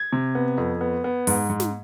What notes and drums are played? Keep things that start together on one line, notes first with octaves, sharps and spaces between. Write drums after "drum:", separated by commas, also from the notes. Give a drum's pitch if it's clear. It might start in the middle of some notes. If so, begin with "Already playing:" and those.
Already playing: G#6
C3
B3
F2
B3
B3
G#2, drum: open hi-hat
G#2
drum: snare